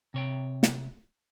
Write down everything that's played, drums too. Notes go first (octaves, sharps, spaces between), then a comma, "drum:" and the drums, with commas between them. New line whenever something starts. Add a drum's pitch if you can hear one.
C3 C#5 G5
drum: snare